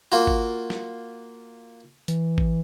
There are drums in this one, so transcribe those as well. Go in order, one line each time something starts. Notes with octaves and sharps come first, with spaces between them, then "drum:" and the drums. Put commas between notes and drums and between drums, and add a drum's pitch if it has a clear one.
A#3 F4 F#4
drum: kick G#1
drum: snare
E3, drum: hi-hat
drum: kick G#1